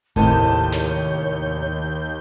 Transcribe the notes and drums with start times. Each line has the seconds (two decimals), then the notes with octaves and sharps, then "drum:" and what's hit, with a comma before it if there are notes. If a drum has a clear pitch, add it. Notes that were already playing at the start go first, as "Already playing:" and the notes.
0.16 D#2 A2 C3 D#3 A5 G6, drum: kick G1
0.72 C#5, drum: snare